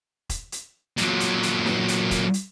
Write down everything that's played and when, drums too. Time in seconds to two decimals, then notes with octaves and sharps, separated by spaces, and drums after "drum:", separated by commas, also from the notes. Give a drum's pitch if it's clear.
0.29 drum: kick E1, hi-hat
0.52 drum: hi-hat
0.98 A#2 F#3, drum: hi-hat
1.20 drum: hi-hat
1.43 drum: hi-hat
1.66 drum: snare
1.88 drum: hi-hat
2.11 drum: kick E1, hi-hat
2.34 drum: hi-hat